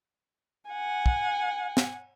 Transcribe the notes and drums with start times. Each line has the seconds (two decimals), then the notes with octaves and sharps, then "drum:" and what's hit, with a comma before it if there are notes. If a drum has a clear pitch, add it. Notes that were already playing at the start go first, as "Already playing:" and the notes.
0.70 F#5 G#5
1.06 drum: kick
1.77 drum: snare